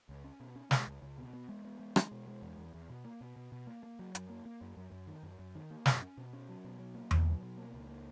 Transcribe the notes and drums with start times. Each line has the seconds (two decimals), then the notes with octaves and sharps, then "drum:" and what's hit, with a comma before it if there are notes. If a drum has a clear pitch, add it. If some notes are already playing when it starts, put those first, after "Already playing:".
0.09 C#2
0.25 C#4
0.40 B2
0.56 C#4
0.71 G#3, drum: snare
0.87 C#2
1.02 C#2
1.18 B2
1.33 B3
1.49 G#3
1.65 B3
1.80 G#3
1.96 G#3, drum: rim click
2.11 B2
2.28 G#3
2.42 E2
2.58 E2
2.74 E2
2.89 B2
3.04 A#3
3.21 B2
3.36 B2
3.52 B2
3.67 A#3
3.83 A#3
3.99 F#3
4.15 F#2, drum: hi-hat
4.30 A#3
4.46 A#3
4.61 F#2
4.77 F#2
4.92 F#2
5.07 D#3
5.23 F#2
5.39 F#2
5.55 D#3
5.70 A#3
5.86 F#2, drum: snare
6.02 C#4
6.17 B2
6.33 C#4
6.49 F#3
6.64 B2
6.79 F#3
6.95 A#3
7.11 B2, drum: tom E2
7.27 F#3
7.42 B2
7.58 A#3
7.74 C#2
7.88 A#3